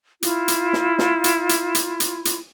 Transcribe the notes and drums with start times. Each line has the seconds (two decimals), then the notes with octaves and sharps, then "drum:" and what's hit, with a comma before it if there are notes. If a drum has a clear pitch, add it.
0.23 E4 F4, drum: hi-hat
0.48 drum: hi-hat
0.73 drum: snare
0.99 drum: snare
1.24 drum: hi-hat
1.49 drum: hi-hat
1.75 drum: hi-hat
2.00 drum: hi-hat
2.25 drum: hi-hat